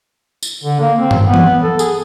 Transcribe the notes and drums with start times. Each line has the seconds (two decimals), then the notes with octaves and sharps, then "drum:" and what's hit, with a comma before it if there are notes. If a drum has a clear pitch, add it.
0.43 drum: tambourine
0.64 D3
0.81 A#3
0.99 C4
1.11 drum: tom
1.24 B3
1.34 drum: tom E3
1.63 A4
1.79 G#4, drum: tambourine